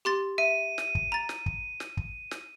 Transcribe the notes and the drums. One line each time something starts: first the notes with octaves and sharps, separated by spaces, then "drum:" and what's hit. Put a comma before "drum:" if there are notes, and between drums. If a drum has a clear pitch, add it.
G4 C6 A6
E5 D#7
drum: snare
drum: kick
A#5 A6
drum: snare
drum: kick
drum: snare
drum: kick
drum: snare